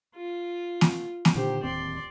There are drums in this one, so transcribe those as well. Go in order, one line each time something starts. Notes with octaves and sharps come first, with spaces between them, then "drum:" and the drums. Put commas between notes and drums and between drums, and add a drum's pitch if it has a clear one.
F4
drum: snare A#3
drum: snare A#3
A#2 D3 D#3 G4 C5
D1 D#2 C4 D5 C6